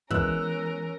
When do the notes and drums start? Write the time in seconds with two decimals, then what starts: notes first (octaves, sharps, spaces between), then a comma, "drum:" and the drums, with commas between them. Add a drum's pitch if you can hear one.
0.11 E3 G#3 B3 C#4 A#4 E6 F#6, drum: kick